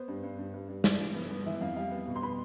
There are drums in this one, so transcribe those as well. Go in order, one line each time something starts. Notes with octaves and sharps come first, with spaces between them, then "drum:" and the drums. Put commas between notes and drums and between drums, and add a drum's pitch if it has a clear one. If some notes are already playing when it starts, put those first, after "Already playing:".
Already playing: B3 C5
G2
G2
G2
G2
G2
E3 D5, drum: snare
G2
B3
B3
E3 E5
F2 F5
G3 F5
B3
B2
C6
B3 B5